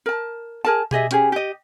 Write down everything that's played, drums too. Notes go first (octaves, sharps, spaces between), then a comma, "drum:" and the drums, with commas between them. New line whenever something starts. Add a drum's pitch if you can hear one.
A#4 A5
G#4 A#4 A5
G4 G#4 D#5 E5, drum: tom B2
C#4 G4 G#4, drum: hi-hat
G4 D#5